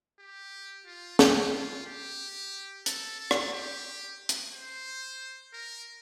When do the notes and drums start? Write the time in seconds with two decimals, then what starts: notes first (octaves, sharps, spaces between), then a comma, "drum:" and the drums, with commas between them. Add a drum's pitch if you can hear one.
0.20 G4
0.86 F4
1.19 G4, drum: snare
1.53 F4
1.86 G4
2.86 A4, drum: hi-hat
3.20 A4
3.31 drum: rim click
3.53 G4
4.29 drum: hi-hat
4.53 C5
5.53 A#4